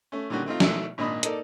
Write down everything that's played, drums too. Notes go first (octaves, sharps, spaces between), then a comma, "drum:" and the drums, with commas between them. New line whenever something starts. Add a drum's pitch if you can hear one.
A3 C#4
A#2 D3 D#3 G3 C#4 F#4
A3 C4 D#4 F4
B2 D#3 A3 E4 E6, drum: snare
G#1 A#2 D4 D#5 B5 D#6
A#3 D#4 A4 D5, drum: hi-hat